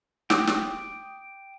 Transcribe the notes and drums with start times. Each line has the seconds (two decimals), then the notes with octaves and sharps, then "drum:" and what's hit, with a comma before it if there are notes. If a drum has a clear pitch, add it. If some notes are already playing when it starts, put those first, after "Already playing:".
0.30 G5 D6 D#6, drum: snare
0.47 drum: snare